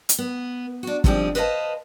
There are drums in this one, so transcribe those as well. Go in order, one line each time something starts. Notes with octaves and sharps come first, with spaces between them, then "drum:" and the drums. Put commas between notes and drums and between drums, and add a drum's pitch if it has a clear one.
drum: hi-hat
B3
D4 F#4
G#2 D3 F3 G3 C4 G#4, drum: kick
B4 C5 D#5 F5 G5 A5